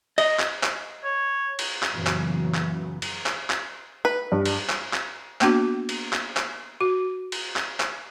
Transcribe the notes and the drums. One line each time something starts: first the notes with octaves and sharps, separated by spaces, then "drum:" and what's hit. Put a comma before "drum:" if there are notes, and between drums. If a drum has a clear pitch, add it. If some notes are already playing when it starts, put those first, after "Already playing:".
D#5, drum: cymbal
drum: clap
drum: clap
C#5
drum: cymbal
drum: clap
F#2 A#2 C#3 E3 F#3 B3
drum: clap
drum: clap
drum: cymbal
drum: clap
drum: clap
B4
G2
drum: cymbal
drum: clap
drum: clap
A#3 B3 D4 F#4, drum: clap
drum: cymbal
drum: clap
drum: clap
F#4
drum: cymbal
drum: clap
drum: clap